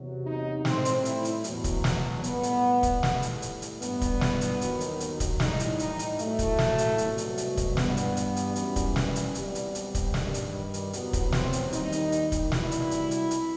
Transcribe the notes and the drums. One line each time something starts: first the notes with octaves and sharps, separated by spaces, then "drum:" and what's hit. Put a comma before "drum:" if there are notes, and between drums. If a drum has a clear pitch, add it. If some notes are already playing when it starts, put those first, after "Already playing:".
Already playing: E2 C3 F#3
D#4
A2 G3 C4, drum: snare
drum: hi-hat
E4, drum: hi-hat
drum: hi-hat
E2 B2 F#3, drum: hi-hat
drum: kick, hi-hat
drum: snare
A2 G3 B3, drum: hi-hat
drum: hi-hat
drum: kick, hi-hat
A2 E3 G3, drum: snare
drum: hi-hat
drum: hi-hat
drum: hi-hat
G2 E3 G3 B3, drum: hi-hat
drum: kick, hi-hat
drum: snare
drum: hi-hat
D#2 D#3 F#3, drum: hi-hat
drum: hi-hat
drum: hi-hat
drum: kick, hi-hat
A2 E3 G3 D#4, drum: snare
drum: hi-hat
D#4, drum: hi-hat
drum: hi-hat
A2 F#3 A3, drum: hi-hat
drum: kick, hi-hat
drum: snare
drum: hi-hat
C2 B2 F#3, drum: hi-hat
drum: hi-hat
drum: hi-hat
drum: kick, hi-hat
G2 E3 G3 B3, drum: snare
drum: hi-hat
drum: hi-hat
drum: hi-hat
F#2 E3 G3, drum: hi-hat
drum: kick, hi-hat
drum: snare
drum: hi-hat
C2 B2 G3, drum: hi-hat
drum: hi-hat
drum: hi-hat
drum: kick, hi-hat
G2 D#3 G3, drum: snare
drum: hi-hat
drum: hi-hat
E2 C3 F#3 B3, drum: hi-hat
drum: kick, hi-hat
C4, drum: snare
drum: hi-hat
D#2 D#3 G3 D#4, drum: hi-hat
drum: hi-hat
drum: hi-hat
drum: kick, hi-hat
C2 B2 G3 E4, drum: snare
drum: hi-hat
drum: hi-hat
drum: hi-hat
drum: hi-hat